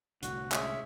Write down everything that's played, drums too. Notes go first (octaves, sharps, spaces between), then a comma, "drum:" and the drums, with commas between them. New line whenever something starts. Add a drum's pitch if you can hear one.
C2 A2 D3 F#4, drum: hi-hat
G#3 C#4 E5, drum: clap